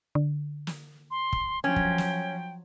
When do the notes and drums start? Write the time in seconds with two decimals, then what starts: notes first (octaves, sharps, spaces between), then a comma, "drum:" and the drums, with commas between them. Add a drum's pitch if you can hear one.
0.15 D3
0.67 drum: snare
1.11 C6
1.33 drum: kick
1.64 F3 F#3 C#4 G5
1.76 drum: kick
1.98 drum: snare